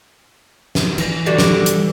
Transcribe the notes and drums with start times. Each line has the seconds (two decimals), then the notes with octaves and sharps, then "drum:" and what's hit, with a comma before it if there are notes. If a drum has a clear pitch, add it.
0.75 drum: snare
0.98 E3, drum: cymbal
1.26 D3 G3 F#4
1.38 drum: snare
1.66 drum: hi-hat